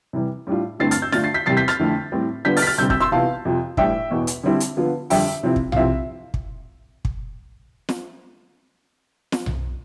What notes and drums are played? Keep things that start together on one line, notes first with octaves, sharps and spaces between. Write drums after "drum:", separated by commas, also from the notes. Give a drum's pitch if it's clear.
C3 E3 G3
A2 G3 D4 F4
G2 D3 A3 C4 E4 A6 C7
F6 A6, drum: hi-hat
E6 G6
D3 A3 D4 F4 F6 A6, drum: snare
A6 C7
G6 B6
E2 C3 G3 C4 A6 C7
G6 B6
F6 A6, drum: rim click
F2 D3 A3 E4
A2 G3 C4
D3 G3 B3 D4 F4 G6 B6
F6 A6, drum: open hi-hat
B6
F6 A6
D2 C3 G3 C4 E6 G6
E6 G6, drum: kick
C6 E6
C3 E3 B3 F4 F5 A5
F2 C3 F3
A2 E3 G3 D4 E5 G5, drum: kick
E2 B2 B3
drum: hi-hat
D3 G3 C4 E4
drum: hi-hat
D3 F3 B3 F4
F2 D3 G3 E5 G5, drum: open hi-hat
C3 F3 C4 E4
drum: kick
F5, drum: tom B1
C3 F3 C4 E4 E5
drum: kick
drum: kick
drum: snare
drum: snare
drum: tom B1